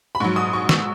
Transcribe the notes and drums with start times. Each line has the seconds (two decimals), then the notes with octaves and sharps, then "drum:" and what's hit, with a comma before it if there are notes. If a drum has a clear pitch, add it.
0.15 B5
0.20 G#2 F#3 C#6
0.36 D#6
0.53 C#6
0.69 E6, drum: snare